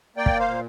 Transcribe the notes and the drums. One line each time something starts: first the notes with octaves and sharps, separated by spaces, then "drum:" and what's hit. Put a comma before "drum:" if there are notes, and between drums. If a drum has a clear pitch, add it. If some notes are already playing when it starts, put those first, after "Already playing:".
A#3 D5 G5
drum: kick
C5 F5
A#2